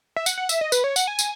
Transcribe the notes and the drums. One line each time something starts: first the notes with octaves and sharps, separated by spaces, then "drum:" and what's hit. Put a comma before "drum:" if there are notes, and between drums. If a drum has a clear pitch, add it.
E5
F#5, drum: tambourine
F#5
E5, drum: tambourine
D#5
B4, drum: tambourine
C#5
F#5, drum: tambourine
G#5
drum: tambourine